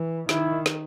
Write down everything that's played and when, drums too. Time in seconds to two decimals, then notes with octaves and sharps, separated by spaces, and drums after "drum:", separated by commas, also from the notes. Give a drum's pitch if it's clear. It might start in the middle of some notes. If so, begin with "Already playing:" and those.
Already playing: E3
0.29 D#3 E4, drum: snare
0.66 drum: snare